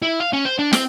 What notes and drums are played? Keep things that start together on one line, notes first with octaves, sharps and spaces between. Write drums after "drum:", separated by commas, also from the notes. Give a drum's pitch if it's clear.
E4
F5
C#4
C5
D4
C4, drum: snare